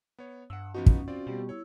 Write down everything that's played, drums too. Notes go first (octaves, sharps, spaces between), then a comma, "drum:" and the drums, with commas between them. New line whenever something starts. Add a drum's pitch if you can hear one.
B3 C#5
G2 F#5 E6
F3 B3 C#4 D#4 F#4
drum: kick
C4 F4 D5
B2 G3 B3 G4
E4 C#5 E6